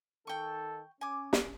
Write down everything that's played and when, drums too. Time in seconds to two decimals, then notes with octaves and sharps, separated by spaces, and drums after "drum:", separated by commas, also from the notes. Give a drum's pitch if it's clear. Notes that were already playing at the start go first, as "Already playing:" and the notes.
0.27 D#3 D#4 A4 G5 C#6
1.01 C#4 G#5 D6
1.33 drum: snare